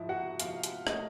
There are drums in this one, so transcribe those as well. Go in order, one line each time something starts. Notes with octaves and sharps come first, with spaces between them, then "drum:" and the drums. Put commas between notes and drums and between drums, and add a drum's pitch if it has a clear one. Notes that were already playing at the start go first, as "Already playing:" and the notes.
Already playing: G#2 F3 E4
F#4 F#5
F3 F4 F5, drum: hi-hat
drum: hi-hat
A3 D#5, drum: rim click